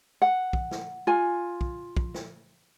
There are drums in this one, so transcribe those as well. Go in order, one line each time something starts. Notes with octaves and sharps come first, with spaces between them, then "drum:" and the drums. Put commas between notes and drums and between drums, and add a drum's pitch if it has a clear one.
F#5
drum: kick
drum: snare
F4 G#5
drum: kick
drum: kick
drum: snare